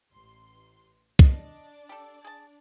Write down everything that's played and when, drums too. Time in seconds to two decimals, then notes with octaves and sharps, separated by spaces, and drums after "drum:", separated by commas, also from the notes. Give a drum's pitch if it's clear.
0.13 A1 C6
1.19 D4 D5 D#5, drum: kick
1.89 G4 A4
2.24 G#4 A5